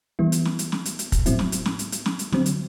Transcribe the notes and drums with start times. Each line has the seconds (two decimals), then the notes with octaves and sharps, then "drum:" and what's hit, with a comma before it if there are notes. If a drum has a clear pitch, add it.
0.19 E3 G3 B3 E4
0.32 drum: hi-hat
0.45 drum: snare
0.59 drum: hi-hat
0.72 drum: snare
0.85 drum: hi-hat
0.99 drum: hi-hat
1.12 drum: kick, hi-hat
1.26 A2 F#3 C4 E4, drum: hi-hat
1.39 drum: snare
1.52 drum: hi-hat
1.66 drum: snare
1.79 drum: hi-hat
1.92 drum: hi-hat
2.06 drum: snare
2.19 drum: hi-hat
2.32 D3 F#3 C4, drum: snare
2.46 drum: hi-hat